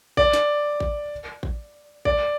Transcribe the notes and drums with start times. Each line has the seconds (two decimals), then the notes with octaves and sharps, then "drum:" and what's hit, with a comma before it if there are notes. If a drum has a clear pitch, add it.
0.17 D5, drum: kick A1
0.33 drum: snare
0.80 drum: kick A1
1.43 drum: kick A1
2.05 D5, drum: kick A1